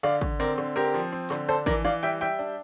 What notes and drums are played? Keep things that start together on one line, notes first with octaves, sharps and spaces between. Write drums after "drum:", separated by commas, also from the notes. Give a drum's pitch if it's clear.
D3 D5 F5
D3, drum: kick
C4 A#4 D5
D3
C4 G4 A#4
F3
C4
D3, drum: clap
D4 A4 C5
E3 A#4 D5, drum: kick
E3 D5 F5
G3 E5 G5
G3 E5 G5
D4